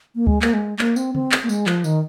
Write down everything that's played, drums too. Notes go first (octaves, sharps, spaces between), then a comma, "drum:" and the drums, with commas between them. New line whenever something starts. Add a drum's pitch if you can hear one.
A#3
G#3, drum: kick D2
A#3, drum: clap
G#3
A#3, drum: clap
C4, drum: tambourine
C4, drum: tom C#3
drum: clap
A#3
G#3, drum: tambourine
F3, drum: clap
D#3, drum: tambourine